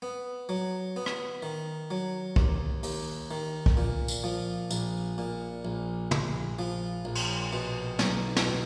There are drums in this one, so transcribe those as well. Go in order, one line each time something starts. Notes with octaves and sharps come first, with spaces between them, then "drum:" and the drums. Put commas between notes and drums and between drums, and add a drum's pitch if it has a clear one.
B3
F#3
B3
drum: rim click
D#3
F#3
D#2, drum: kick
D#2, drum: open hi-hat
D#3
drum: kick
A#2
drum: tambourine
F3
A#1, drum: tambourine
A#2
A#1
A#1, drum: tom
F3
A#1
drum: cymbal
B2
B1, drum: snare
drum: snare
B2